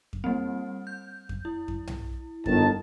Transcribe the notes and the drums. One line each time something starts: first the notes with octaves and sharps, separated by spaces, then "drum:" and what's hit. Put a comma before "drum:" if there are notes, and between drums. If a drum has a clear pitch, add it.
drum: kick F2
G3 A#3 C4
G6
drum: kick F2
E4
drum: kick F2
drum: tom B1
G1 D#3 A5, drum: kick F2